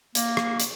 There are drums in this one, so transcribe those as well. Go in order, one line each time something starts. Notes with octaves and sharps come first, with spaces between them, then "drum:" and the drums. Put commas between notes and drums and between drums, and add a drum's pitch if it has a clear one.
A#3, drum: hi-hat
drum: rim click
drum: hi-hat